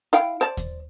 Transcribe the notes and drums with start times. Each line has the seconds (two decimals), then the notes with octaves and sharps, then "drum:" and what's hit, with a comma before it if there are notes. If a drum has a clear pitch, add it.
0.13 E4 F5 G5, drum: hi-hat
0.41 C5 D5 A5
0.57 drum: kick D#2, hi-hat